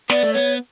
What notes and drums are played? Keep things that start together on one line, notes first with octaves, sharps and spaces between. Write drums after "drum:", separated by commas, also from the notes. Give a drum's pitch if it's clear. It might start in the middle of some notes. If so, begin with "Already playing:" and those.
B3 D5, drum: snare
A3
B3 C#5